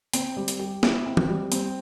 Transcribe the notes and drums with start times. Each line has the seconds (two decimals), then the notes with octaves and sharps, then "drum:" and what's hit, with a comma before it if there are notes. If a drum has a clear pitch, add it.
0.13 C4, drum: hi-hat
0.37 G3
0.48 drum: hi-hat
0.59 G4
0.83 E4, drum: snare
1.06 C4
1.17 drum: tom E3
1.29 G3
1.52 C4, drum: hi-hat